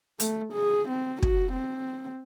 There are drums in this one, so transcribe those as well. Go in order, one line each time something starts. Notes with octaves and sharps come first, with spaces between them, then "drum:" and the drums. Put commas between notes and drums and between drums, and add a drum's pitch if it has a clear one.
A3, drum: hi-hat
G#4
C4
F#4, drum: kick
C4